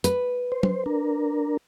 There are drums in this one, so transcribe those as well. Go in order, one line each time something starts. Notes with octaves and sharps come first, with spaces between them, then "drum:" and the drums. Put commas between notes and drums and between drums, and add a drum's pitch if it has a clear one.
B4, drum: hi-hat
C5
drum: tom F#3
D4 A#4